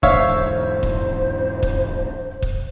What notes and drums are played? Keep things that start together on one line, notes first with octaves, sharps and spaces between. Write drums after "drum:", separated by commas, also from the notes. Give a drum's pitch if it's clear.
E2 G#2 D3 C5 C#5 E5 F5, drum: kick
drum: kick
drum: kick
drum: kick